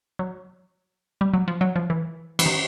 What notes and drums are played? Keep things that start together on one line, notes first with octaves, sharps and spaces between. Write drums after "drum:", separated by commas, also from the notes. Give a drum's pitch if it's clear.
F#3
G3
F#3
F3
F#3
F3
E3
E3, drum: cymbal
D#3